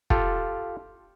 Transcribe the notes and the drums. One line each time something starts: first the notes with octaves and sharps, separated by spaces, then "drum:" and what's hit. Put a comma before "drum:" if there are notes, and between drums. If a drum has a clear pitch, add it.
F4 G4 A4, drum: kick